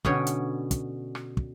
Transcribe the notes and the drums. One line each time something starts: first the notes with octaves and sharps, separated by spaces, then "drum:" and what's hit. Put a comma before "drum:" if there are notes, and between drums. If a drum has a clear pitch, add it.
B2 D3 C#4 C#5 G5 G#5, drum: kick
drum: hi-hat
drum: kick, hi-hat
drum: rim click
drum: kick